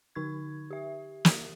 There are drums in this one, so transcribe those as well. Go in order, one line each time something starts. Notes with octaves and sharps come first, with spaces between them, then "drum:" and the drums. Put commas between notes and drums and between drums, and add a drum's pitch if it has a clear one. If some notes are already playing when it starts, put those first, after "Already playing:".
D3 D#4 C#6 G#6
G4 E5
drum: snare